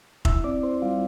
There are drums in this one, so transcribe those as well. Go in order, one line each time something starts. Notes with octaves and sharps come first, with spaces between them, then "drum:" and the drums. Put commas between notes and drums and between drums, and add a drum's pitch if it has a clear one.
E4 E5 E6, drum: kick F1
C4 D5 D6
E4 C5 C6
G3 F4 F5